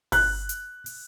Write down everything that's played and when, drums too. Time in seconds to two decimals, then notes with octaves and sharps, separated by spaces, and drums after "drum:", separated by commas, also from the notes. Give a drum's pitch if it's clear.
0.12 F#6, drum: kick G1, open hi-hat
0.49 drum: hi-hat
0.86 drum: open hi-hat